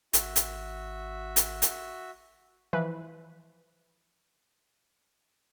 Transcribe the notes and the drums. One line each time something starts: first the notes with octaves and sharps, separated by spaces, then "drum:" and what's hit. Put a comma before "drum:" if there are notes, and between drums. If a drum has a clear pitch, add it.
G#1 F#4 E5, drum: hi-hat
drum: hi-hat
drum: hi-hat
drum: hi-hat
E3 F3 B4